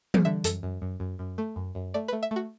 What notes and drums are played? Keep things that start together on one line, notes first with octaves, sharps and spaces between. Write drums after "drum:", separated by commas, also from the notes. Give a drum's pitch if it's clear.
drum: tom E3
D3 E5
F#2 A4, drum: hi-hat
F#2
F#2
F#2
F#2
A3
F#2
F#2
A3 D5
B4
A3
E5
A3
F#4